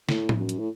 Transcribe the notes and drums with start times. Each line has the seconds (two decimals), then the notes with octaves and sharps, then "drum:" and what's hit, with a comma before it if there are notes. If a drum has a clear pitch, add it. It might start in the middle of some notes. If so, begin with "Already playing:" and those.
0.09 A2, drum: snare
0.29 drum: tom A2
0.40 F#2
0.49 drum: hi-hat
0.59 A2